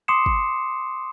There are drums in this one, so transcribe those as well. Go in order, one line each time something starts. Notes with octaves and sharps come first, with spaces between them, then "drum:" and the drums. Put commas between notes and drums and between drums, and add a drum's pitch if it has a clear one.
C6 D6 D#6 C7 C#7 E7
drum: kick